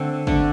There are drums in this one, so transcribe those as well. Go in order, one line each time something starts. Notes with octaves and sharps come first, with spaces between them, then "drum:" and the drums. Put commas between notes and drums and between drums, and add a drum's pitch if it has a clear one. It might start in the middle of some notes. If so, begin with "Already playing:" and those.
Already playing: D3 A3 C4
D3 A3 D4, drum: kick